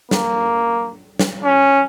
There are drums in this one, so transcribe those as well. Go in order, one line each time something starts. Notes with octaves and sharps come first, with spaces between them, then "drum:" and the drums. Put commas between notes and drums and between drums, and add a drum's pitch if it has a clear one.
A#3, drum: snare
drum: snare
C#4